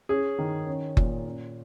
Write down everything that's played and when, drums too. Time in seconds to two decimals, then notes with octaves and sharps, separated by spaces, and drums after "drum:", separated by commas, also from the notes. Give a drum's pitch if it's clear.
0.09 C#4 G#4
0.39 D#3
0.67 C#4
0.97 A#2, drum: kick F#1
1.25 C#4